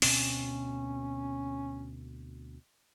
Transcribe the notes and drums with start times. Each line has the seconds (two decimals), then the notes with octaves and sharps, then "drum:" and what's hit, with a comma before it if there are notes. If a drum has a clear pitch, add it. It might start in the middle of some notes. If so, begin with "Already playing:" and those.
0.02 D2 B2 C4 C#4, drum: open hi-hat